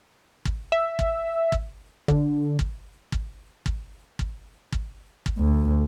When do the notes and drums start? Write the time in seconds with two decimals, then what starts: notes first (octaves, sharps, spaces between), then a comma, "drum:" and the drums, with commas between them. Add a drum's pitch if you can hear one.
0.45 drum: kick
0.72 E5
0.99 drum: kick
1.52 drum: kick
2.08 D3, drum: kick
2.59 drum: kick
3.12 drum: kick
3.66 drum: kick
4.19 drum: kick
4.72 drum: kick
5.26 drum: kick
5.38 D2